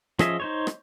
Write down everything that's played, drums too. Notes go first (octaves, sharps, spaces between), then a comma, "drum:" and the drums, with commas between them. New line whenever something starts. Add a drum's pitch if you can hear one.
F3 C#4 G#4 D#5 E5, drum: rim click
D#4 C5 C#5
drum: rim click